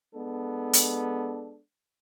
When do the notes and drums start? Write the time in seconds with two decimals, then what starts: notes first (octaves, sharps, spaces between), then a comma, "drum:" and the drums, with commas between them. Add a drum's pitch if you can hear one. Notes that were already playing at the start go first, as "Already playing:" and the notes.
0.12 G#3 B3 D4 A4
0.73 drum: hi-hat